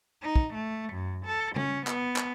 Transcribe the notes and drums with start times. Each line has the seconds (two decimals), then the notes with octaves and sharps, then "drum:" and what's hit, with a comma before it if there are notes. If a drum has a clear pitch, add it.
0.22 D#4
0.36 drum: kick
0.54 A3
0.93 F#2
1.26 A4
1.56 C#4, drum: tom C#3
1.87 B3, drum: clap
2.16 drum: clap